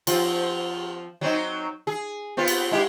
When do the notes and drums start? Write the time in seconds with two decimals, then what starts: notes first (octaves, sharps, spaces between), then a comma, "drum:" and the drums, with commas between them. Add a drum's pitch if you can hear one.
0.07 F3 C4 F4, drum: cymbal
1.21 F#3 C4 D#4
1.87 G#4
2.37 B3 C4 F4
2.48 drum: cymbal
2.72 G#3 E4 G4